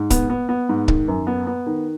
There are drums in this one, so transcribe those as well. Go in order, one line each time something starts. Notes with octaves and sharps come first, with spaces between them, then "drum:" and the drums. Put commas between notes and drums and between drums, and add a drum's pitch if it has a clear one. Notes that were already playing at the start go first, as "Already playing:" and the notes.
Already playing: G#2
B3, drum: kick C#1, hi-hat
B3
B3
G#2
D#3, drum: kick C#1
F#2
B3
B3
D#3